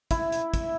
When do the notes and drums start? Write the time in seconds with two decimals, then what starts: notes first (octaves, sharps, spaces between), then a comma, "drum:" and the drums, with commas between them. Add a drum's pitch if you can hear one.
0.11 E4, drum: kick, hi-hat
0.32 drum: hi-hat
0.54 drum: kick, hi-hat